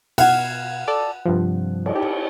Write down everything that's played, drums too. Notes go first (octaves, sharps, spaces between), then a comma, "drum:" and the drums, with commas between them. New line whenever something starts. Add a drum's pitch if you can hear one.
B2 F5 F#5 G#6, drum: cymbal
A4 D5
G2 C3 F3
drum: cymbal
G4